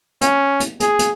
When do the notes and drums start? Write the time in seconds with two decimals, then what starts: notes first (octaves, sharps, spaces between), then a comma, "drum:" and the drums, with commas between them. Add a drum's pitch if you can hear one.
0.21 C#4, drum: hi-hat
0.60 drum: hi-hat
0.80 G#4, drum: hi-hat
0.99 drum: hi-hat